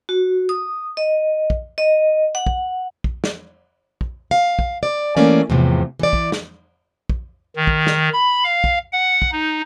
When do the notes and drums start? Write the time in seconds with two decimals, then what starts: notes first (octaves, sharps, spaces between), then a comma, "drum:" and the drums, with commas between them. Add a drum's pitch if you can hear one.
0.09 F#4
0.49 D#6
0.97 D#5
1.50 drum: kick
1.78 D#5
2.35 F#5
2.47 drum: kick
3.04 drum: kick
3.24 drum: snare
4.01 drum: kick
4.31 F5
4.59 drum: kick
4.83 D5
5.17 E3 A3 A#3 C#4 D5
5.50 E2 A2 C3 F3
5.99 E3 D5
6.13 drum: kick
6.32 drum: snare
7.10 drum: kick
7.56 D#3
7.67 drum: kick
7.87 drum: snare
8.13 B5
8.44 F5
8.64 drum: kick
8.93 F#5
9.22 drum: kick
9.32 D#4